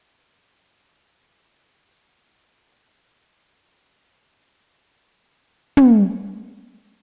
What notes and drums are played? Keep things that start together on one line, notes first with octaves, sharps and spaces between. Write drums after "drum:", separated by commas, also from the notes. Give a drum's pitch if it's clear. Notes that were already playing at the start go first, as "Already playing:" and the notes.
Already playing: C#5
D#3 A#3
C#3 D#5
F5
F3 G#3
A#2 D#5
F3 G#3 C4
C3
F3 C4
C#3 F5
D#5
F3 A#3
D#5
C3 D#5
C#5
F3 A#3
C#5
A#2 F4
G4
F3 C4
F4
C3 G4
G#4
G3 A#3
G4
D#3 G4
F4
G#3 C4 G4
A#2 G#4
drum: tom